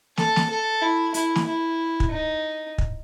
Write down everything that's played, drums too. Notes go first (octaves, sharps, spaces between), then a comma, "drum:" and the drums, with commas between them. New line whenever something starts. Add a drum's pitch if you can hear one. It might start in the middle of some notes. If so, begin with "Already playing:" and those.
A4, drum: snare
drum: snare
A4
E4
E4, drum: hi-hat
drum: snare
E4
drum: kick
D#4
drum: kick